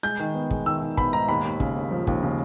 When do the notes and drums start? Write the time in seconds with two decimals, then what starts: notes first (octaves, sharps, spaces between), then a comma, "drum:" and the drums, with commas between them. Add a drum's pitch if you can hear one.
0.03 G#3 G6
0.19 D#3
0.34 B3
0.50 G#3, drum: kick
0.66 D#3 E6
0.81 D#3
0.97 B3 B5, drum: kick
1.13 G#2 A#5
1.28 D#2 B5
1.44 D#2
1.60 C#3, drum: kick
1.76 D#2
1.91 F3
2.07 D#2, drum: kick
2.23 C#3